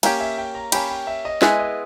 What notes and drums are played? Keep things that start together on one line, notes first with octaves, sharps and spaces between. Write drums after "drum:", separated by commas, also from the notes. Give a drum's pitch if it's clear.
A#3 C#4 G4 G#5, drum: cymbal
E5
G5
A#5
A#3 C#4 G4 B5, drum: cymbal
G5
E5
D#5
G#3 B3 E4 G#4 B4 D#5, drum: snare
D#5